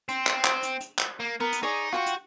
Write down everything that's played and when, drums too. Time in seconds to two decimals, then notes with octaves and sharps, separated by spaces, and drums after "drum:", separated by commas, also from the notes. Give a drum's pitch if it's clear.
0.09 C4, drum: hi-hat
0.27 drum: clap
0.45 drum: clap
0.63 drum: hi-hat
0.80 drum: hi-hat
0.98 drum: clap
1.20 A#3
1.40 B3 A#4
1.52 drum: hi-hat
1.63 D#4 G#4 C#5 D5
1.93 F4 F#4 G5 C#6
2.06 drum: hi-hat